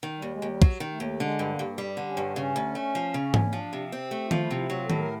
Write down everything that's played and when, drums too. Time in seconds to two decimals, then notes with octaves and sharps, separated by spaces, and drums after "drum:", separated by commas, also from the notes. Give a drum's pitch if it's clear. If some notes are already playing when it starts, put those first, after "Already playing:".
0.03 D#3
0.17 D#2 G3
0.32 G#3
0.42 D#2 G3
0.62 F#3, drum: kick
0.80 D#3
0.90 A3
1.00 D#2
1.20 D3 G#3
1.39 G2
1.49 A#3
1.59 G2
1.78 G3
1.97 D3
2.08 C#4
2.17 G2
2.36 C#3 C#4
2.56 D2
2.75 A3
2.95 F3
3.14 C#3
3.34 D2, drum: tom G#2
3.53 F3 D4
3.73 C3
3.92 C4
4.11 A3 G4
4.26 F4
4.31 F3, drum: tom D#3
4.40 E4
4.51 C3 E4
4.70 F#3 F4
4.84 A4
4.90 A2, drum: tom D#3
4.99 A#4